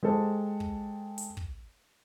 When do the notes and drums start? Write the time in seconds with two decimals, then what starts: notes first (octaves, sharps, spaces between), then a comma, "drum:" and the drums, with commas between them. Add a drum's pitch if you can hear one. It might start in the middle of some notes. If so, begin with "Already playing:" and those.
0.03 G#3 G4 A4 C5 G5
0.60 drum: kick
1.18 drum: hi-hat
1.37 drum: kick